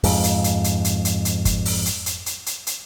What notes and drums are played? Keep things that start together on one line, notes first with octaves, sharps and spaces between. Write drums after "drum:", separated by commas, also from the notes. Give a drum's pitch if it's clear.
F2 G#2, drum: open hi-hat
drum: hi-hat
drum: hi-hat
drum: hi-hat
drum: hi-hat
drum: hi-hat
drum: hi-hat
drum: kick, hi-hat
drum: open hi-hat
drum: hi-hat
drum: hi-hat
drum: hi-hat
drum: hi-hat
drum: hi-hat